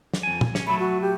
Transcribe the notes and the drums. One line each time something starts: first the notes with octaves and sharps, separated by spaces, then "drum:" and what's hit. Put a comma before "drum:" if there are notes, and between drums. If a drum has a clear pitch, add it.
drum: snare
F2 G#5
drum: tom
C#4, drum: snare
F#3 A3 B5
F#4
G4